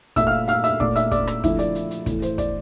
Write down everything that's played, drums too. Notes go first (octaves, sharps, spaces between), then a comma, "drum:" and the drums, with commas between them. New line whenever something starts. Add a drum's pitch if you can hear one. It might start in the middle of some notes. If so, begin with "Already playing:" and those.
A#2 A3 E5 E6, drum: kick, hi-hat
F5 F6
F5 F6, drum: hi-hat
E5 E6, drum: hi-hat
A#2 A3 D5 D6, drum: kick
E5 E6, drum: hi-hat
D5 D6, drum: kick, hi-hat
drum: rim click
D3 F3 A3 E4 E5, drum: kick, hi-hat
D5, drum: hi-hat
drum: hi-hat
drum: hi-hat
A2 E3 A3, drum: kick, hi-hat
C5, drum: hi-hat
D5, drum: kick, hi-hat